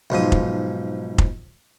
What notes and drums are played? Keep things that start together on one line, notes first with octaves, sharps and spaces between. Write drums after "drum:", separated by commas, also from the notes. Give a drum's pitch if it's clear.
B1 G#2 F3 D#6
drum: kick F1
drum: kick F1